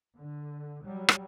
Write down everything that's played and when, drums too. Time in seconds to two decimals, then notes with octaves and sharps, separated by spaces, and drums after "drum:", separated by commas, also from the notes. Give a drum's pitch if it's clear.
0.19 D3
0.86 F#3 G3
1.09 drum: rim click